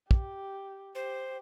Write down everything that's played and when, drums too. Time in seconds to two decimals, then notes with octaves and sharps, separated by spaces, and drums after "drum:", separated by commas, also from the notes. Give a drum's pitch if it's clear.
0.11 G4, drum: kick
0.95 G4 C5